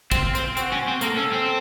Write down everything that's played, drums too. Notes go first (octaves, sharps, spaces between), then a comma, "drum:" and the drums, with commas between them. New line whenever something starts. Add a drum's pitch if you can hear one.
C4 F4, drum: kick, hi-hat
C4, drum: hi-hat
C4 F#4, drum: hi-hat
C#4
C4
A#3 A4, drum: hi-hat
C#4
C4